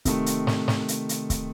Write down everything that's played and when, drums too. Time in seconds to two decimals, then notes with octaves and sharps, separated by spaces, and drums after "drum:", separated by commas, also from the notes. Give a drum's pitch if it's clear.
0.05 C3 D#3 A3, drum: kick C#1, hi-hat
0.26 drum: hi-hat
0.47 drum: snare
0.68 drum: snare
0.88 drum: hi-hat
1.09 drum: hi-hat
1.30 drum: kick C#1, hi-hat